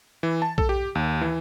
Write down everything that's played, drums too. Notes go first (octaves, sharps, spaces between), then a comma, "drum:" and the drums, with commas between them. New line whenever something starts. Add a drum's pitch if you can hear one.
E3
A5
A4, drum: kick B1
G4
D#2
E3